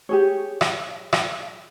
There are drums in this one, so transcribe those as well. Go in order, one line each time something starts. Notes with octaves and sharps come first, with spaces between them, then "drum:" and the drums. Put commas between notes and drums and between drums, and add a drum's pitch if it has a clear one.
G4 G#4 C#5
drum: rim click
drum: rim click